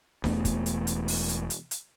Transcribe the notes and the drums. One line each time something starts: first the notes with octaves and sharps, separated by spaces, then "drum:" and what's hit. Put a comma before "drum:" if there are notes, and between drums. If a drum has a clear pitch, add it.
E1 E2 A3, drum: snare D4
drum: kick, hi-hat
drum: hi-hat
drum: hi-hat
drum: open hi-hat
drum: hi-hat
drum: hi-hat
drum: hi-hat